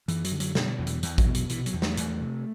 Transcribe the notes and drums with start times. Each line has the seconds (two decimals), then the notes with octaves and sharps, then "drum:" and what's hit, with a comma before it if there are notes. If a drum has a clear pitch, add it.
0.08 F#2 E3, drum: hi-hat
0.24 F#3, drum: hi-hat
0.32 D3
0.40 F#3, drum: hi-hat
0.55 B2 G3, drum: snare
0.79 E2 D3
0.87 E3, drum: hi-hat
1.03 E2 E3, drum: hi-hat
1.18 F#3, drum: kick A1, hi-hat
1.27 B2
1.35 F#3, drum: hi-hat
1.49 C3 E3, drum: hi-hat
1.66 F#3, drum: hi-hat
1.74 E2
1.82 A3, drum: snare
1.97 E2, drum: hi-hat
2.21 C3